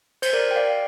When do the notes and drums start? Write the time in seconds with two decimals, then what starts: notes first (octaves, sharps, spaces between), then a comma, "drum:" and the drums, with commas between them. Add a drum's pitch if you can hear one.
0.22 C5, drum: cymbal
0.33 A#4 D5
0.51 G5
0.56 D5 F5